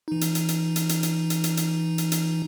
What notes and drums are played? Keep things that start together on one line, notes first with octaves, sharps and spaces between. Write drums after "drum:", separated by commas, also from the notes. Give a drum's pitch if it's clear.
E3 D#4
drum: hi-hat
drum: hi-hat
drum: hi-hat
drum: hi-hat
drum: hi-hat
drum: hi-hat
drum: hi-hat
drum: hi-hat
drum: hi-hat
drum: hi-hat
drum: hi-hat